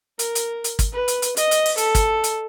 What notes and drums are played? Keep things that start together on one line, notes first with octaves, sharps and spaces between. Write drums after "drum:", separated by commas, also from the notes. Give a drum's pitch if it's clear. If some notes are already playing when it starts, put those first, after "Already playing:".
A#4, drum: hi-hat
drum: hi-hat
drum: hi-hat
drum: kick, hi-hat
B4
drum: hi-hat
drum: hi-hat
D#5, drum: hi-hat
drum: hi-hat
drum: open hi-hat
A4, drum: hi-hat
drum: kick, hi-hat
drum: hi-hat